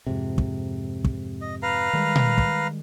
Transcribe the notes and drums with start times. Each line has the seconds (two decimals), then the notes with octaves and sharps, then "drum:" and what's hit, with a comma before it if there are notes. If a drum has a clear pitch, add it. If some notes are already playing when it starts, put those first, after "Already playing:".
0.07 F2 G#2 C3
0.38 drum: kick
1.04 drum: kick
1.41 D#5
1.62 B4 F5 A#5
1.93 D#3 G3 G#3
2.16 drum: tom A#2
2.38 drum: kick